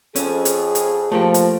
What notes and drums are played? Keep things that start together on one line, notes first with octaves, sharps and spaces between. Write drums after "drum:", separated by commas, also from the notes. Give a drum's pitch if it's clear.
F2 C#4 G#4, drum: hi-hat
drum: hi-hat
drum: hi-hat
F3 A3 A#3 G4
drum: hi-hat